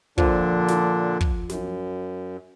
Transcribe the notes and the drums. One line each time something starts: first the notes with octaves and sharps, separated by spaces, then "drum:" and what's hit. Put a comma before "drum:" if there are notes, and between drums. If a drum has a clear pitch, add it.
A#2 D3 F3 D4, drum: kick
drum: snare
drum: kick
F#2, drum: snare